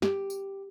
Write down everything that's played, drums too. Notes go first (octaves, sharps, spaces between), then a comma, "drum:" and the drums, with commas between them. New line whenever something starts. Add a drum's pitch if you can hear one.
G4, drum: snare
drum: tambourine